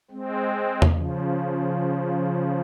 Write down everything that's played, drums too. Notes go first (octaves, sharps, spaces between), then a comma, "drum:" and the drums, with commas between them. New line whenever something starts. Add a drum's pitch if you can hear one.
G#3 C4
drum: tom E2
C#3 F3